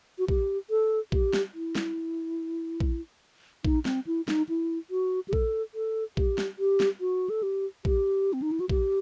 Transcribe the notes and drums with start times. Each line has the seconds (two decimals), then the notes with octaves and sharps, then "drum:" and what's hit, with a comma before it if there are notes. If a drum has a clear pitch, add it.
0.19 F#4
0.28 G4, drum: kick A#1
0.70 A4
1.12 G4, drum: kick A#1
1.33 drum: snare
1.54 E4
1.75 drum: snare
2.80 drum: kick A#1
3.65 D#4, drum: kick A#1
3.85 C4, drum: snare
4.07 E4
4.28 D#4, drum: snare
4.49 E4
4.91 F#4
5.28 G4
5.33 A4, drum: kick A#1
5.74 A4
6.17 G4, drum: kick A#1
6.38 drum: snare
6.59 G4
6.80 drum: snare
7.01 F#4
7.30 A4
7.43 G4
7.85 G4, drum: kick A#1
8.33 C4
8.42 D#4
8.52 E4
8.60 F#4
8.69 G4, drum: kick A#1